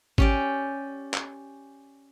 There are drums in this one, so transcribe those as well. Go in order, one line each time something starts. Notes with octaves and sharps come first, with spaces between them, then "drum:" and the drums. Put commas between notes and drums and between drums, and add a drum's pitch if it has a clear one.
C#4 G4 D5, drum: kick G#1
drum: clap